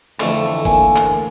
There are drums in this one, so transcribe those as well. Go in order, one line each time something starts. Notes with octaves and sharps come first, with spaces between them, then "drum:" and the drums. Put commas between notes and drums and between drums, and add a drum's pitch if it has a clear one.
F2 D3 E3 A3, drum: clap
drum: hi-hat
A#3 G#5, drum: kick, open hi-hat
drum: clap